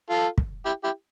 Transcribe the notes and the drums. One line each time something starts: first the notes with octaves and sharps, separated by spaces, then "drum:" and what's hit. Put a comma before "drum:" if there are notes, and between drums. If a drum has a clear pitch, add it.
F4 A4
drum: kick
E4 G4
E4 G4